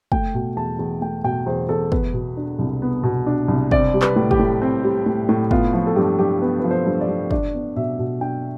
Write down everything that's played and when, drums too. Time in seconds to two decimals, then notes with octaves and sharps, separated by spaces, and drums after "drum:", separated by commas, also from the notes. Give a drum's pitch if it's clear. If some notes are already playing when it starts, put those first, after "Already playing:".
0.12 A3 G5, drum: kick
0.34 B2
0.56 E2 A5
0.79 E2
1.01 A3 G5
1.24 B2 G5
1.46 E2 C5
1.69 E2 A4
1.92 B3 B4, drum: kick
2.14 B2
2.37 D4
2.59 C2
2.82 B3
3.03 B2
3.26 D4
3.48 C2
3.71 C4 D5, drum: kick
3.94 G3
4.02 B4, drum: clap
4.16 A2
4.31 G4, drum: kick
4.40 A2
4.62 C4
4.84 G3
5.06 A2
5.29 A2
5.51 B3 F4, drum: kick
5.73 F3 F4
5.87 A4
5.96 G2 G4
6.19 G2 G4
6.42 B3 B4
6.60 F3 B4
6.71 C5
6.86 G2
7.01 D5
7.09 G2
7.31 D4 D5, drum: kick
7.54 B3
7.76 B2 E5
7.99 B2
8.21 D4 G5